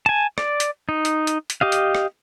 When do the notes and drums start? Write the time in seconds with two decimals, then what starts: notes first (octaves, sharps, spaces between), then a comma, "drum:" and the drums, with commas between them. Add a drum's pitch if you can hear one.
0.06 G#5 A5
0.38 D5, drum: rim click
0.60 drum: hi-hat
0.89 D#4
1.05 drum: hi-hat
1.27 drum: hi-hat
1.50 drum: hi-hat
1.61 G4 D#5 F5
1.72 drum: hi-hat
1.95 drum: rim click